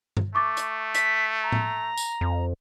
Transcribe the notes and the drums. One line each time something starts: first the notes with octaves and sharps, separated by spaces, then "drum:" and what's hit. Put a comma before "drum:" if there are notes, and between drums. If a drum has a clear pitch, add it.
drum: tom G2
A3 C#6 D6 A6
drum: hi-hat
B6, drum: hi-hat
A#5
drum: tom A2
drum: tambourine
F2